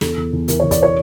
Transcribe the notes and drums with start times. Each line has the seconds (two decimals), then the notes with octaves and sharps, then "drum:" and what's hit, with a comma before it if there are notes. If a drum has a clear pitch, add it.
0.01 E2 A4, drum: snare
0.17 E2
0.33 E2
0.48 E3 A#4, drum: hi-hat
0.60 C#5
0.63 E3
0.71 D5, drum: kick, hi-hat
0.83 C#5